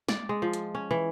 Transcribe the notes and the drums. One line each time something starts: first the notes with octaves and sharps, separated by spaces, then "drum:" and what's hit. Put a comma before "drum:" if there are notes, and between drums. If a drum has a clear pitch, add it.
D5, drum: snare
G#3
F3
drum: hi-hat
C#4
E3